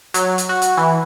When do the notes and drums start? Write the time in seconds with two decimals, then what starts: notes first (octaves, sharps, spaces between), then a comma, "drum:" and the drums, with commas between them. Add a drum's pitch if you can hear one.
0.14 F#3, drum: hi-hat
0.38 drum: hi-hat
0.49 F#4
0.62 drum: hi-hat
0.77 E3